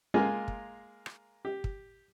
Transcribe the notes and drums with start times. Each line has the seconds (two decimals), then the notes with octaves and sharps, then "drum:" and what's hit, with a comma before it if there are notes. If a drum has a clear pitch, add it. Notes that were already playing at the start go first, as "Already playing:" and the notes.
0.14 G#3 A#3 F4 A#4 F5 G#5
0.48 drum: kick
1.06 drum: rim click
1.45 G4
1.64 drum: kick